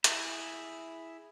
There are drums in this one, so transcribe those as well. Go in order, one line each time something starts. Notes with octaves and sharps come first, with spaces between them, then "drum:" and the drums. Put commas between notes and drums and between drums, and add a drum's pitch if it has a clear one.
E4 G#4, drum: hi-hat